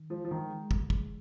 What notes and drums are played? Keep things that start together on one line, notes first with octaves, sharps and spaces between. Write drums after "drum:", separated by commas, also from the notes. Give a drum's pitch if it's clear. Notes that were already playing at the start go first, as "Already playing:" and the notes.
Already playing: D#3
F3 G#3
F3
D#3
G#3
drum: kick
G#3, drum: kick